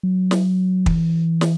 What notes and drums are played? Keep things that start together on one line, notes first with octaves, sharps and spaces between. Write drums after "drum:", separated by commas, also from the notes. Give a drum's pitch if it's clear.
F#3
drum: snare
E3, drum: kick
drum: snare